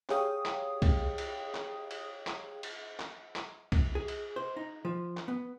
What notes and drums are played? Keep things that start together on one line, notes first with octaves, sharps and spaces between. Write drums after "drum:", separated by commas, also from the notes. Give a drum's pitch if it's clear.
G4 G#4 C#5 F5 G5 D#6, drum: clap
drum: clap
drum: kick, cymbal
drum: cymbal
drum: clap
drum: cymbal
drum: clap
drum: cymbal
drum: clap
drum: clap
drum: kick, cymbal
G#4
drum: cymbal
C5
D#4
F3
drum: clap
B3